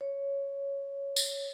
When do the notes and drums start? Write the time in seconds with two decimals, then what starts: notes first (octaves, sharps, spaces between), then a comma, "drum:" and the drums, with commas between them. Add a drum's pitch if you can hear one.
0.01 C#5
1.16 drum: tambourine